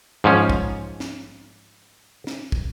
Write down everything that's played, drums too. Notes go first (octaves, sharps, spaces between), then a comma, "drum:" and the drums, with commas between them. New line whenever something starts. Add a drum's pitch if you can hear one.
G#2 F3 C#4
drum: kick
drum: snare
drum: snare
drum: kick